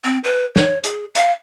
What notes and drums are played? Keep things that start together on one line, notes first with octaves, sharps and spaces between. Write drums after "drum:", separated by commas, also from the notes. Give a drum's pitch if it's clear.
C4
B4
C#5, drum: snare
G#4, drum: hi-hat
F5, drum: hi-hat